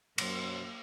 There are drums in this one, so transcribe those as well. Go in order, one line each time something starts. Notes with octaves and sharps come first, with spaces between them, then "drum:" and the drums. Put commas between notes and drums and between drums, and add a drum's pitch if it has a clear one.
B1 F#2 F#3 A#3 C5, drum: cymbal